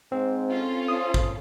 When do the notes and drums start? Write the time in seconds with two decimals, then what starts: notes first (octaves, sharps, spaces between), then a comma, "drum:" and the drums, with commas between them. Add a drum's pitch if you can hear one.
0.12 G#2 C4
0.49 C#4 F4 A4
0.88 C5 D#6
1.14 drum: kick